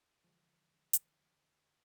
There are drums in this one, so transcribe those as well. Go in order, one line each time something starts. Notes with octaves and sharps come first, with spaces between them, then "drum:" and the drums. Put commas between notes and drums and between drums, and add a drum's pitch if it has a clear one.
D3 E3 F3 G#3
drum: hi-hat